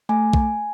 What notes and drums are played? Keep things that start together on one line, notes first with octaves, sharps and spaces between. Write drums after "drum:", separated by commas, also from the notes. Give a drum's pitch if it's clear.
A3 G#5
drum: kick